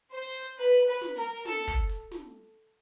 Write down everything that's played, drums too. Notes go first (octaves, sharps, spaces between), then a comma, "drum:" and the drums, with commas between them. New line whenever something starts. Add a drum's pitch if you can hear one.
C5
B4
B4
drum: snare
A#4
A4, drum: snare
drum: kick
drum: hi-hat
drum: snare